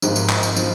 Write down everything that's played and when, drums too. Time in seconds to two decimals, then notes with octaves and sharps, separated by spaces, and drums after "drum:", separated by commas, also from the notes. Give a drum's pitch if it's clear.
0.02 G#1 G#2 F3, drum: tambourine
0.16 drum: tambourine
0.29 drum: clap
0.43 drum: tambourine
0.57 F3, drum: tambourine